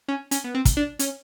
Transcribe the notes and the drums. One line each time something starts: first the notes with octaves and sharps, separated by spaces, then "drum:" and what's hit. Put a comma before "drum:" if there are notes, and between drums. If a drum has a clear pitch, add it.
C#4
C#4, drum: hi-hat
B3
C4
drum: kick, hi-hat
D4
C#4, drum: hi-hat